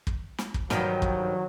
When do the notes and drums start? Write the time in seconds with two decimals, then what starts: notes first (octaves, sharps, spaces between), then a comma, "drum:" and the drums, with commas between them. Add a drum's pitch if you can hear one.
0.07 drum: kick
0.38 drum: snare
0.54 drum: kick
0.70 G2 D#3 F3 F#3, drum: snare
1.02 drum: kick